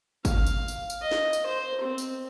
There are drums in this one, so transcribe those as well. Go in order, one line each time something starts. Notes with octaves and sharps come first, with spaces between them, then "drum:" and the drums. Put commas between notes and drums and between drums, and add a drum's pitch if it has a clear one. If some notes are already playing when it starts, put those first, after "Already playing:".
F5, drum: kick, tambourine
drum: tambourine
drum: tambourine
drum: tambourine
D#5
drum: snare
drum: tambourine
C5
C4
drum: tambourine